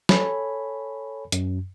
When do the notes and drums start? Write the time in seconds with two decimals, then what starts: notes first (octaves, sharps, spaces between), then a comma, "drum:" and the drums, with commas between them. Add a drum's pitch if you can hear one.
0.09 A4 C#5 G#5 B5, drum: snare
1.32 F#2, drum: hi-hat